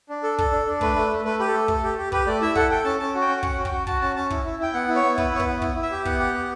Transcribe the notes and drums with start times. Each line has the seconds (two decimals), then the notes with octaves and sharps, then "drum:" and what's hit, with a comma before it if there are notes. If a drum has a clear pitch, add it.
0.09 D4
0.23 A4
0.38 A4, drum: kick
0.52 D4
0.66 D4
0.81 A3 B4, drum: kick
0.96 A3
1.11 A3
1.25 A3 B4
1.39 G4 B4
1.48 A4
1.54 A3
1.68 A3, drum: kick
1.84 G4
1.98 G4
2.12 G4 B4, drum: kick
2.26 A3 D5
2.41 E4 E5
2.55 A4 F#5, drum: kick
2.71 A4 G5
2.84 C#4 A5
2.99 C#4 A5
3.15 F#4
3.21 G5
3.28 C#4
3.43 C#4 F#5, drum: kick
3.58 F#4
3.65 G5, drum: kick
3.72 F#4
3.87 F#4 A5, drum: kick
4.02 C#4 A5
4.16 C#4 A5
4.30 E4, drum: kick
4.45 E4
4.60 E4 G5
4.74 B3 F#5
4.88 E4
4.95 C#5
5.03 B3
5.18 E4 B4, drum: kick
5.32 B3 C#5
5.40 B4, drum: kick
5.47 B3
5.62 E4, drum: kick
5.76 E4
5.83 E5
5.91 G4
6.05 B3 F#5, drum: kick
6.19 G4
6.34 B3